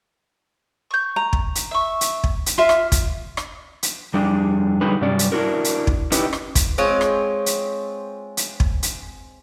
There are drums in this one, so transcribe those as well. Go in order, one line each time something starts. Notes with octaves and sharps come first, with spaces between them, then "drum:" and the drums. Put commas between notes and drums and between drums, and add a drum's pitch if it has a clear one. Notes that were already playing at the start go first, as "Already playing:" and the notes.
C#6 G6
A#5
drum: kick
drum: hi-hat
E5 C#6
drum: hi-hat
drum: kick
drum: hi-hat
F4 E5 F5 C6
drum: rim click
drum: kick, hi-hat
drum: rim click
drum: hi-hat
F2 G3 D4 G#4
D3 F#3 G3 D#4 G#4 B4
G2 C3 F#3 G3 C#4 D5
drum: hi-hat
D4 E4 F#4 A#4
drum: hi-hat
drum: kick
C#4 D#4 E4 G4 B4 D#5, drum: hi-hat
drum: rim click
drum: kick, hi-hat
G#3 C4 F4 C#5
drum: rim click
drum: hi-hat
drum: hi-hat
drum: kick
drum: hi-hat